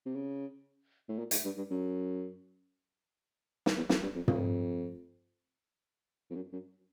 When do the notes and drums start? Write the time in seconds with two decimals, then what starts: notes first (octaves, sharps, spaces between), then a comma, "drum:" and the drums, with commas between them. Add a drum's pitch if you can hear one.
0.05 C3
0.15 C#3
1.09 A2
1.18 A#2
1.31 G#2, drum: hi-hat
1.44 G2
1.57 G2
1.70 F#2
3.66 drum: snare
3.77 E2
3.89 F2, drum: snare
4.02 G2
4.15 F2
4.28 F2, drum: tom
6.30 F2
6.35 F#2
6.53 F#2